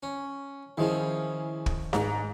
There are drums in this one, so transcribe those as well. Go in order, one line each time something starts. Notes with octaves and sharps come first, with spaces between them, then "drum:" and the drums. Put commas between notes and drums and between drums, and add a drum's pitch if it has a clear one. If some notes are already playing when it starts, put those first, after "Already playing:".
C#4
D#3 F3 C#4 E4 G#4
drum: kick
G#2, drum: snare D#4